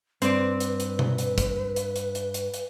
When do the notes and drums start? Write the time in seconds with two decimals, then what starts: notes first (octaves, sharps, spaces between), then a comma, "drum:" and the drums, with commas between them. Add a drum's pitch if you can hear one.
0.22 G2 C4 B4 D5, drum: hi-hat
0.60 drum: hi-hat
0.80 drum: hi-hat
0.99 drum: tom B2
1.18 drum: hi-hat
1.38 drum: kick, hi-hat
1.76 drum: hi-hat
1.96 drum: hi-hat
2.15 drum: hi-hat
2.34 drum: hi-hat
2.54 drum: hi-hat